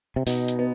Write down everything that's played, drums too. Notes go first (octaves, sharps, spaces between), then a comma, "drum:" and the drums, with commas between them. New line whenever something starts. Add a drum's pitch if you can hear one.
C3
B2 D#4, drum: open hi-hat
drum: hi-hat
B3